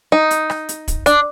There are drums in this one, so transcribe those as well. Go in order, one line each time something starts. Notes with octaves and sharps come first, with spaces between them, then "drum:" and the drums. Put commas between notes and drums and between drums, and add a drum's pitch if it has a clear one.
D#4
drum: hi-hat
drum: rim click
drum: hi-hat
drum: kick, hi-hat
D4, drum: hi-hat